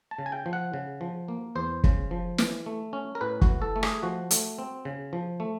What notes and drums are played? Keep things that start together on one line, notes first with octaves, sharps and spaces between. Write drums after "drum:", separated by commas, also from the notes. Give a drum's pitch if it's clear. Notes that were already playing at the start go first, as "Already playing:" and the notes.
A5
C#3
G#5
G5
F3
F#5
C#3
F3
A#3
E2 C5
C#3, drum: kick
F3
E3, drum: snare
A3
C#4
A#4
A2 B4
F#4, drum: kick
E3
A4
A3
G#4, drum: rim click
F3 F#4
A3, drum: hi-hat
C4
C#3
F3
A3